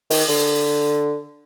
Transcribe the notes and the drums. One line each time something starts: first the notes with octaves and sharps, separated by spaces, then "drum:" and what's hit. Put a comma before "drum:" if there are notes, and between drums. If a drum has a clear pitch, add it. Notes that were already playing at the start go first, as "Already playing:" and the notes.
D#3, drum: open hi-hat
D3